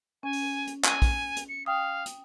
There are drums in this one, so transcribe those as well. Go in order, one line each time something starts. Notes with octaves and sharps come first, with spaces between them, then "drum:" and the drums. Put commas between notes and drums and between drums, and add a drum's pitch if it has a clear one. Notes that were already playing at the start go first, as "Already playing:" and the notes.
C#4 G#5
drum: open hi-hat
drum: hi-hat
G#5, drum: clap
drum: kick, open hi-hat
drum: hi-hat
C#7
F5 G5 D#6
drum: hi-hat